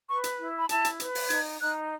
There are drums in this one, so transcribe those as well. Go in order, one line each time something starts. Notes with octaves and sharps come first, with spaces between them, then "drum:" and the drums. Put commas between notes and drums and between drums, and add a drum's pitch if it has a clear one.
B4 C#6
drum: hi-hat
E4
B5
E4 A5, drum: hi-hat
drum: hi-hat
B4, drum: hi-hat
drum: open hi-hat
D#4 G#6, drum: hi-hat
D#4 F#6